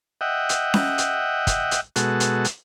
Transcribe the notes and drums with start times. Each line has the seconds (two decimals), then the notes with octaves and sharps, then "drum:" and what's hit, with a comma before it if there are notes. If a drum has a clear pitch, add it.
0.21 D#5 E5 F#5 G5
0.49 drum: hi-hat
0.74 drum: snare C#4
0.98 drum: hi-hat
1.47 drum: kick, hi-hat
1.71 drum: hi-hat
1.96 B2 G#3 F#4 A4, drum: hi-hat
2.20 drum: hi-hat
2.45 drum: hi-hat